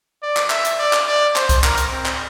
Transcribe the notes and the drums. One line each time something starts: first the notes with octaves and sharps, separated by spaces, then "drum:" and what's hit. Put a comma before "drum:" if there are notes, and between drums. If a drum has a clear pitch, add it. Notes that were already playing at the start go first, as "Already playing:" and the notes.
D5
drum: clap
E5, drum: clap
drum: hi-hat
D5
drum: clap
D5
C5, drum: clap
drum: kick C2, hi-hat
A#4, drum: clap
drum: hi-hat
C4
drum: clap